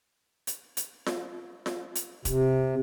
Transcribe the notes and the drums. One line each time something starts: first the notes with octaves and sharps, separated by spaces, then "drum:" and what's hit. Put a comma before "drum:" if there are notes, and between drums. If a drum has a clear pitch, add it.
drum: hi-hat
drum: hi-hat
drum: snare F4
drum: snare F4
drum: hi-hat
C3, drum: kick E1, hi-hat